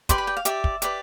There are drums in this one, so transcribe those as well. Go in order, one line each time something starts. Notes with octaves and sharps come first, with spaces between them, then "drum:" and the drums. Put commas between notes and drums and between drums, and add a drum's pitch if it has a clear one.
G4 B4 D5 C6, drum: kick, hi-hat
B5
G5
F5
G4 D5 E5, drum: hi-hat
drum: kick
G4 B4 D5, drum: hi-hat